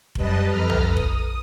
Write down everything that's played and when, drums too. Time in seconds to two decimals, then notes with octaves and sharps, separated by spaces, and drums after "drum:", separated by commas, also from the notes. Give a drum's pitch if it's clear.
0.15 F#2 G3 B4 D#5 A5, drum: kick F1
0.48 F2 A4 B4 A#5 F6
0.70 drum: tom
0.87 D#6
0.97 drum: kick F1